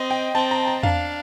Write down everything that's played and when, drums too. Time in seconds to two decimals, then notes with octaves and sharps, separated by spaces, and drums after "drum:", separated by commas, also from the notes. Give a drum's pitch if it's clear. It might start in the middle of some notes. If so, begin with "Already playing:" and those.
Already playing: C4 D#5
0.11 G5
0.34 C4 A5
0.51 A#5
0.67 A5
0.83 D4 F5, drum: tom E2